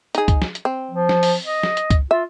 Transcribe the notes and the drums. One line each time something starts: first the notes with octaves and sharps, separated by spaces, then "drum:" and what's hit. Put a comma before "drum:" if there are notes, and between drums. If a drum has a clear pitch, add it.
D#4 G#4, drum: hi-hat
drum: kick, hi-hat
drum: snare
drum: hi-hat
C4
F3
drum: snare
drum: open hi-hat
D#5
drum: snare
drum: hi-hat
drum: kick, hi-hat
F4 E5